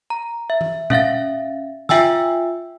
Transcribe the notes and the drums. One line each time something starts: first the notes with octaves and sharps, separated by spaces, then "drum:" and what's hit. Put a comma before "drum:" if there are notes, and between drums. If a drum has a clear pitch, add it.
A#5
E5
drum: tom E3
C#4 E5 F5 A6, drum: tom A#2
F4 E5 G5 G#5 E6, drum: snare